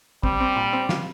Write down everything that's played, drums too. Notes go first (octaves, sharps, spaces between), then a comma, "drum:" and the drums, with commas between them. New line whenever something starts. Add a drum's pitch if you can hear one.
G3 C4, drum: kick
C4
A#2
C4
F4, drum: snare